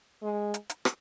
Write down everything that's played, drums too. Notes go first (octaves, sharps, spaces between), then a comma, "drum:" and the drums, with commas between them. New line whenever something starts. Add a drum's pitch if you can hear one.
G#3
drum: hi-hat
drum: hi-hat
drum: rim click